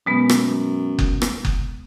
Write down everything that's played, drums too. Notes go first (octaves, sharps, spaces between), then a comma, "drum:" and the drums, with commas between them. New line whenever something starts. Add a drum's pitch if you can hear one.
F#2 B2 G#3 B3
drum: rim click
drum: kick F#1
drum: rim click
drum: kick F#1